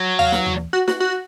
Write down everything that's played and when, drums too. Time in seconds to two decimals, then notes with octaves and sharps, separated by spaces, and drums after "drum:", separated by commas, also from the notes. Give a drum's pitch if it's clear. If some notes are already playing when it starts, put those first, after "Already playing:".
Already playing: F#3
0.19 F5, drum: tom D#2
0.32 drum: snare
0.46 drum: tom D#2
0.73 F#4
0.88 F#4, drum: snare
1.00 F#4